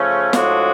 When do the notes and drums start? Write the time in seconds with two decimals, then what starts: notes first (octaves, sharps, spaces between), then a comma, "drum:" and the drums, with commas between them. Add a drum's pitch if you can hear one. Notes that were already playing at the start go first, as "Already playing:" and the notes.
Already playing: C#3 F3 A3 C#4
0.33 A2 F3 G#3 D4 F#4, drum: snare